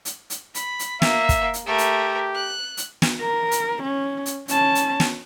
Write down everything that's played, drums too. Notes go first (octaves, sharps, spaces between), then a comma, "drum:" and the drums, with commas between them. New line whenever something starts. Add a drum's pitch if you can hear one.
drum: hi-hat
drum: hi-hat
B5, drum: hi-hat
drum: hi-hat
A#3 E5, drum: snare
drum: kick, hi-hat
drum: hi-hat
A3 G4 A#4
drum: hi-hat
F#6
drum: hi-hat
drum: snare
A#4
drum: hi-hat
C#4
drum: hi-hat
C#4 A5, drum: hi-hat
drum: hi-hat
drum: snare